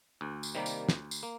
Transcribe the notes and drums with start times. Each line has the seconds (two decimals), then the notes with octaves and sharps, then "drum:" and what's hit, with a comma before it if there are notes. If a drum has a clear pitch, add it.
0.21 D2
0.43 drum: tambourine
0.55 C3 D#3 G3 A#3
0.66 drum: tambourine
0.89 D2, drum: snare
1.11 drum: tambourine
1.23 A#3